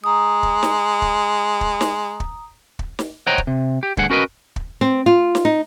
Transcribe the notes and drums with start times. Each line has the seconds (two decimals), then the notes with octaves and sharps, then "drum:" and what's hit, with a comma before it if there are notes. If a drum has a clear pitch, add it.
0.04 G#3 A#5 D#6
0.43 drum: kick
0.63 drum: snare
1.02 drum: kick
1.61 drum: kick
1.81 drum: snare
2.20 drum: kick
2.79 drum: kick
2.99 drum: snare
3.27 C5 C#5 D#5 F#5 G5 A#5
3.38 drum: kick
3.47 C3
3.83 G4
3.97 D2 G2 G#4 F#5, drum: kick
4.10 C#4 F#4 A#4 B4 D#5
4.56 drum: kick
4.81 C4
5.06 F4
5.35 drum: snare
5.45 D#4